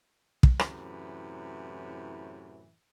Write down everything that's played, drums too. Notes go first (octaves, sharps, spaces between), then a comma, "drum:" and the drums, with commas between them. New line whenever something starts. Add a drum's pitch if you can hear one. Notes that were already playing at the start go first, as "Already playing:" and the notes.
drum: kick
F#2 A2 C3 E3, drum: rim click